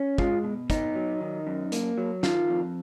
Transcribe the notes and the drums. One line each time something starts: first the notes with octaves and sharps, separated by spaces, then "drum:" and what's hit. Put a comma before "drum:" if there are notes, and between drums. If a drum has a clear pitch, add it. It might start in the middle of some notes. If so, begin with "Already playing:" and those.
Already playing: C#4
G#3 F4, drum: kick
B2
B3 D#4, drum: kick, hi-hat
F#3
D#3
F#2
A#3, drum: hi-hat
F#3
D#3 F4, drum: snare
F2